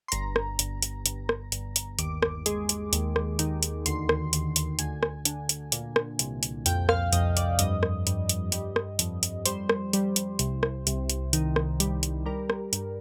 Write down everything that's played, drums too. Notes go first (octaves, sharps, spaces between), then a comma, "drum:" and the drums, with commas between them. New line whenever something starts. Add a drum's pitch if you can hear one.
C6
G1 A#5, drum: hi-hat
drum: rim click
G1, drum: hi-hat
drum: hi-hat
G1, drum: hi-hat
drum: rim click
G1, drum: hi-hat
drum: hi-hat
D#2 D6, drum: hi-hat
drum: rim click
G#3, drum: hi-hat
drum: hi-hat
D#2, drum: hi-hat
drum: rim click
D#3, drum: hi-hat
drum: hi-hat
D2 C6, drum: hi-hat
drum: rim click
D2, drum: hi-hat
drum: hi-hat
D2 G#5, drum: hi-hat
drum: rim click
D3, drum: hi-hat
drum: hi-hat
A#2, drum: hi-hat
drum: rim click
C2, drum: hi-hat
drum: hi-hat
F2 G5, drum: hi-hat
F5, drum: rim click
F2 D#5, drum: hi-hat
D5, drum: hi-hat
G2 D#5, drum: hi-hat
drum: rim click
G2, drum: hi-hat
drum: hi-hat
G3, drum: hi-hat
drum: rim click
F2, drum: hi-hat
drum: hi-hat
G3 C5, drum: hi-hat
drum: rim click
G3, drum: hi-hat
drum: hi-hat
C2, drum: hi-hat
drum: rim click
C2, drum: hi-hat
drum: hi-hat
D#3, drum: hi-hat
drum: rim click
G3, drum: hi-hat
drum: hi-hat
G3 A#4
drum: rim click
G2, drum: hi-hat